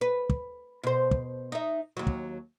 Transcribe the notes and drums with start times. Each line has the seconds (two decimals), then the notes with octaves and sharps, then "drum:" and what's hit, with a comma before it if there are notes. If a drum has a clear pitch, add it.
0.01 B4
0.29 drum: kick
0.83 B2 C5
1.11 drum: kick
1.52 D#4 E5
1.97 D#2 F#3
2.07 drum: kick